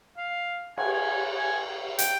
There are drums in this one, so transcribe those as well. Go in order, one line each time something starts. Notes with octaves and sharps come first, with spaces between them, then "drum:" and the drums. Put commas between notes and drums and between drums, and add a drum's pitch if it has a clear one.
F5
G#5, drum: cymbal
G#5
G#5
G5, drum: hi-hat